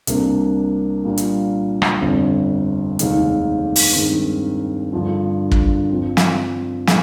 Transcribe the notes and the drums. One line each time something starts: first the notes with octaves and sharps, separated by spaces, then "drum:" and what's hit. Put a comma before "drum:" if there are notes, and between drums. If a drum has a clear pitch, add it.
C2 C3 G3 A#3 D4, drum: hi-hat
A#2 G3 D4 F4
drum: hi-hat
drum: rim click
G1 F2 C3 G3
F1 D#2 D#3 G#3, drum: hi-hat
drum: open hi-hat
G2 D#3 G#3 C4
G2 D3 F3
drum: kick
G2 F3 C4
drum: snare
A#2 G#3 C4, drum: snare